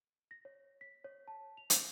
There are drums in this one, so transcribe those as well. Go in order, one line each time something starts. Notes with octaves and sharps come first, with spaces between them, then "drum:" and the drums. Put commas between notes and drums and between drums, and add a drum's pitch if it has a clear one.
A#6
C#5
B6
C#5
A5
F7
G6, drum: hi-hat